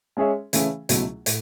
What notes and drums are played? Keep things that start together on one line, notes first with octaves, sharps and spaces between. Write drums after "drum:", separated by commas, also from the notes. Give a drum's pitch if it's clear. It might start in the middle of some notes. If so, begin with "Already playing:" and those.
G#3 C#4 G#4 C#5 E5
C#3 E3 A3 C#4 G#4, drum: hi-hat
C#2 B2 F#3 A3 E4, drum: hi-hat
A2, drum: hi-hat